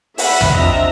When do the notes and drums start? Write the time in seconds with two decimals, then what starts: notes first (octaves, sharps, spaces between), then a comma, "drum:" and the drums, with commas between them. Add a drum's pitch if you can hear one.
0.18 E5 F#5 B5, drum: open hi-hat
0.41 drum: tom
0.54 C4 D4 F4 D#5 E5 A#5